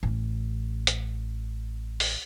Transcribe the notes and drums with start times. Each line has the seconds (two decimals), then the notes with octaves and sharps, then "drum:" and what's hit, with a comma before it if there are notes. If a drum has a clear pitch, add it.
0.03 A1 C#4
0.87 drum: hi-hat
2.00 drum: open hi-hat